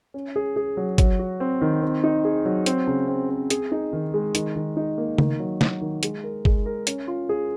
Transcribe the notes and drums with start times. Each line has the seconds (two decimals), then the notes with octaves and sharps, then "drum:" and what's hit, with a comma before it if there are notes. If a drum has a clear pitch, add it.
0.14 C#4
0.36 G#4
0.56 G#4
0.77 F#3
0.98 F#3, drum: kick, hi-hat
1.19 F#4
1.40 C4
1.62 D#3
1.82 C4
2.04 D#4
2.25 G#4
2.45 F#3
2.66 C4, drum: hi-hat
2.87 C#3
3.08 C4
3.30 C4
3.50 G#4, drum: hi-hat
3.72 D#4
3.93 D#3
4.14 G#3
4.35 D#3, drum: hi-hat
4.56 D#3
4.77 D#4
4.98 A#3
5.18 D#3, drum: tom C#3
5.40 F#3
5.61 F#3, drum: snare
5.82 D#3
6.03 G#3, drum: hi-hat
6.24 A#4
6.45 G#3, drum: kick
6.66 A#4
6.87 C#4, drum: hi-hat
7.08 F4
7.29 G#4